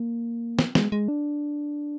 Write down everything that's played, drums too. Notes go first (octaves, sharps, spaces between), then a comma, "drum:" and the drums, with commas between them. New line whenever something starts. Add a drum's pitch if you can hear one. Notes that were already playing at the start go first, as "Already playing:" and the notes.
Already playing: A#3
drum: snare
G#3, drum: snare
G#3
D4